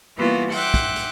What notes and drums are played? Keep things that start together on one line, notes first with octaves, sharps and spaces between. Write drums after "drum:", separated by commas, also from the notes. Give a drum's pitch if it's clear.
E3 G3 A#3 B3 F4 F#4
E5 F#5 G5 C6 D6 F#6, drum: open hi-hat
drum: kick, hi-hat
drum: hi-hat